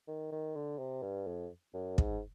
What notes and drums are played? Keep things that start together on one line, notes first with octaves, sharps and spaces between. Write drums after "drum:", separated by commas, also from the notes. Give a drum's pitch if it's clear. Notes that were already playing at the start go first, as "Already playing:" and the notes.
D#3
D#3
D3
C3
G2
F2
F#2
G#2, drum: kick